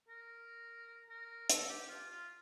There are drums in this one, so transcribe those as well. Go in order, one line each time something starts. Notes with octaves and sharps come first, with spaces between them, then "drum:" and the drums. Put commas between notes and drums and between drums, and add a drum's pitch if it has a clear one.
A#4
A#4
A4, drum: hi-hat
G4
F4
F4